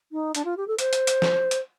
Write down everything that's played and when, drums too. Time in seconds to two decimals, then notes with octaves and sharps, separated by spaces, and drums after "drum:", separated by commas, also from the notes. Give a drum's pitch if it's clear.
0.12 D#4
0.35 D4, drum: hi-hat
0.44 F4
0.57 G4
0.67 A4
0.78 C5, drum: hi-hat
0.93 drum: hi-hat
1.07 drum: hi-hat
1.22 drum: snare
1.51 drum: hi-hat